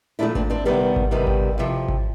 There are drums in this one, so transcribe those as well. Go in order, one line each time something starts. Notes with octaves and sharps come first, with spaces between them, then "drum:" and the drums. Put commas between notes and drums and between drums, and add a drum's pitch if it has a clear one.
A#2 F3 A3 D4 E4
C4 D4, drum: kick G#1
C4 D4
C3 D#3 G3 B3
drum: kick G#1
C3 D#3 G3 B3
drum: kick G#1
F2 C3 F3
drum: kick G#1